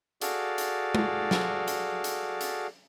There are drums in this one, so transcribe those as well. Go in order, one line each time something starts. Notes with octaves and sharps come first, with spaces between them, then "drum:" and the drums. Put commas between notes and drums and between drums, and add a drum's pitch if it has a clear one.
F#4 G#4 A4 D5 F5, drum: hi-hat
drum: hi-hat
drum: tom G#3
drum: snare
drum: hi-hat
drum: hi-hat
drum: hi-hat